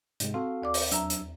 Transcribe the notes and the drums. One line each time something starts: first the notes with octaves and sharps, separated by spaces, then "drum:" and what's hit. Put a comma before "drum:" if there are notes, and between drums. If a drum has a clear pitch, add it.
G#2 C3 G#3, drum: hi-hat
C4 F#4 A4 F5
D#2 D5 D6
drum: open hi-hat
E2 F#3 D4 E5 A#5 E6, drum: hi-hat
drum: hi-hat